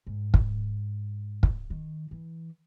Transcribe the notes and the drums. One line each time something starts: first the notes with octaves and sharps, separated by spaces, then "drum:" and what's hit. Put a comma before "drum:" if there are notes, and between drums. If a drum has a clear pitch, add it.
G#2
drum: kick
drum: kick
D#3
E3